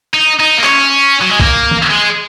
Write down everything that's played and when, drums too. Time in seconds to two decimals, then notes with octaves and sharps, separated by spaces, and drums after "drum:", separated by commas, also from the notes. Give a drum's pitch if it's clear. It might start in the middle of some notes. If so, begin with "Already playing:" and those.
0.14 D#4
0.39 D#4
0.57 A#3
0.64 C#4, drum: clap
1.21 F#3
1.30 G#3
1.40 A#3, drum: kick C2
1.71 drum: tom E3
1.90 G#3